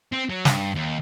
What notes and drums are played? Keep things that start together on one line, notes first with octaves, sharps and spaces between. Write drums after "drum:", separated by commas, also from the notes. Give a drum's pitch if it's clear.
C4
F#3
G2, drum: snare
D#2